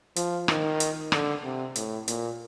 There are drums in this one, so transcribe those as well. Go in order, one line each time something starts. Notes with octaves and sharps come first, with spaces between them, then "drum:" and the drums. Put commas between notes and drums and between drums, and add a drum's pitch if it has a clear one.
F3, drum: hi-hat
D#3, drum: rim click
drum: hi-hat
D3, drum: rim click
C3
A2, drum: hi-hat
A#2, drum: hi-hat